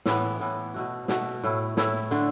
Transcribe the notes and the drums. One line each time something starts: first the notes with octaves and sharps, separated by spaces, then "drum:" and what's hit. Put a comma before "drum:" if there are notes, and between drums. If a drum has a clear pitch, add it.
A2 E3 B3, drum: snare
A2 E3 B3
B2 A3 F#4
B2 A3 F#4, drum: snare
A2 A3 E4
A2 A3 E4, drum: snare
D3 A3 D4